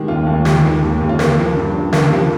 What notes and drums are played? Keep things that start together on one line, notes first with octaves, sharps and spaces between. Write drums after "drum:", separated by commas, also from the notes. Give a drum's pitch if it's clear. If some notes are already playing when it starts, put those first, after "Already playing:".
Already playing: D#3 G#3 G4
D#2 F4
D#2
F4
G#3 G4, drum: snare
D#3
D#2
D#2
F4
A#3 G4, drum: snare
F3
G2
G2
A#3 F4, drum: snare
F3 G4